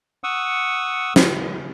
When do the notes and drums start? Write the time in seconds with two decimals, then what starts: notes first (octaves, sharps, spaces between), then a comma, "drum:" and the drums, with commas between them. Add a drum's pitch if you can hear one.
0.24 F#5 C#6 D#6 E6
1.16 drum: snare